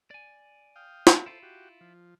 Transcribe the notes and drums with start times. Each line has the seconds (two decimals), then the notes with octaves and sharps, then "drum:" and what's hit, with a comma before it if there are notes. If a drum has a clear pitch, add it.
0.11 D5 G#5
0.76 F5 G5 D#6
1.07 drum: snare
1.26 E4 F4 A4 C5
1.43 F#4 G4
1.81 F3